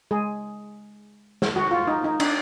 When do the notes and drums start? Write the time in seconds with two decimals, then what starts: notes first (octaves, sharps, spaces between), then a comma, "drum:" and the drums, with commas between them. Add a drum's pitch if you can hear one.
0.11 G#3 G#4
1.42 drum: snare
1.56 F#4
1.71 F4
1.87 D#4
2.04 D#4
2.20 D4, drum: cymbal